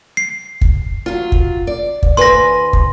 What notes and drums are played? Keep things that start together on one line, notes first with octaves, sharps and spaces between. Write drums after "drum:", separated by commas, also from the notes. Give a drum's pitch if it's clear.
C7
drum: kick
F#3 F4
drum: kick
D5
drum: kick
D2 B4 G#5 C6 A#6
drum: kick